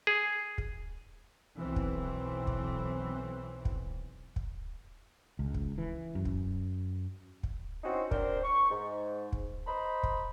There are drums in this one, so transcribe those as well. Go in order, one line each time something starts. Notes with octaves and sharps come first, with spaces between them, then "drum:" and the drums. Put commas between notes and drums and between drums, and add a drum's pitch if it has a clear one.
G#4
drum: kick
B1 E3 C4
drum: kick
drum: kick
drum: kick
drum: kick
C#2
drum: kick
E3
F#2
drum: kick
drum: kick
C4 C#4 D#4 E4 F#4 C5
C4 D4 A#4 C5, drum: kick
C#6
G#2
drum: kick
C5 D#5 A#5 B5
drum: kick